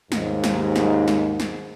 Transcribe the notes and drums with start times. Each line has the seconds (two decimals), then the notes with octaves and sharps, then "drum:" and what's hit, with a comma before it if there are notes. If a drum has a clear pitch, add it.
0.12 D#2 G#2, drum: snare
0.44 drum: snare
0.76 drum: snare
1.08 drum: snare
1.40 drum: snare